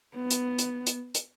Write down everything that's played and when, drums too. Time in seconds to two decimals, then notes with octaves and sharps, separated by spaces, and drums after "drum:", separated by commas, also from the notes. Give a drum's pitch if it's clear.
0.16 B3
0.30 drum: hi-hat
0.58 drum: hi-hat
0.86 drum: hi-hat
1.14 drum: hi-hat